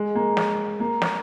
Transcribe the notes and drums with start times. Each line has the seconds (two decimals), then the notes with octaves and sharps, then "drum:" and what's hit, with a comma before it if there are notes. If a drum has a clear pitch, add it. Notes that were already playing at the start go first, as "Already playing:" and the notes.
Already playing: G#3
0.15 A#3
0.37 drum: snare
0.80 A#3
1.02 drum: snare